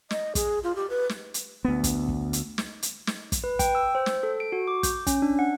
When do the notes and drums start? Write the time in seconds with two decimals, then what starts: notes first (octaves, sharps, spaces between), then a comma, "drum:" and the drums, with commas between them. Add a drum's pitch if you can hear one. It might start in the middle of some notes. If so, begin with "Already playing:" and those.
0.11 D#5, drum: snare
0.35 G#4, drum: kick, hi-hat
0.63 F4
0.76 G4
0.90 B4
1.09 drum: snare
1.34 drum: hi-hat
1.65 D2 B3
1.84 drum: kick, hi-hat
2.08 drum: kick
2.33 drum: hi-hat
2.58 drum: snare
2.83 drum: hi-hat
3.07 drum: snare
3.32 drum: kick, hi-hat
3.44 B4
3.59 G5, drum: kick, hi-hat
3.75 E6
3.95 C5
4.06 drum: snare
4.23 A4
4.40 D7
4.52 F#4
4.67 D6
4.83 G6, drum: kick, hi-hat
5.07 C#4, drum: kick, hi-hat
5.22 D4
5.39 F#5